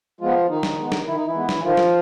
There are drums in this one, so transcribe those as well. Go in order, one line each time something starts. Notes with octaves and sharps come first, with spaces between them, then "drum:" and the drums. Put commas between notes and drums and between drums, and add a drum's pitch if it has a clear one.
F3 G#3 B3 F4
D#3 D#4
drum: snare
G#3 B3
drum: snare
D#3 E4
D#4
E3 E4
G#3 B3
drum: snare
D#3 F3 F4
drum: snare